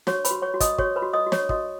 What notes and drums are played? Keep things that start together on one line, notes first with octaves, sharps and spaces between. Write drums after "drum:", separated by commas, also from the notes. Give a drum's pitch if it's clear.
F#4 C#5 C#6, drum: snare
B4 B5, drum: hi-hat
F#4
C#5 C#6
F#4
D#5 D#6, drum: kick, hi-hat
F#4 C#5 C#6, drum: kick
B4 B5
F#4
D#5 D#6
F#4
C#5 C#6, drum: snare
F#4 D#5 D#6, drum: kick